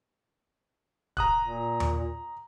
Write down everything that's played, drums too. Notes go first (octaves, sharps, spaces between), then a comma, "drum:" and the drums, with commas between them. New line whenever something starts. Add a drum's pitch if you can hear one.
A#5 D#6 F#6, drum: kick
A#2
drum: tom D#2